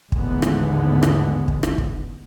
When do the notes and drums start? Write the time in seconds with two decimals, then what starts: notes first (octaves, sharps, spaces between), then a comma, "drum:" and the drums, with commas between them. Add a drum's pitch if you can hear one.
0.12 A1 D#2 G#2 D3 G#3 B3, drum: kick
0.42 drum: rim click
1.03 drum: rim click
1.48 drum: kick
1.63 drum: rim click
1.78 drum: kick